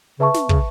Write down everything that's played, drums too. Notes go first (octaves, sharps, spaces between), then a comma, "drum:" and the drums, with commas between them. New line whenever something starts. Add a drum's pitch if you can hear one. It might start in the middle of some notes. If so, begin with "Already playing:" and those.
C#3 B4 E5 A5 C#6
drum: snare
C#3, drum: kick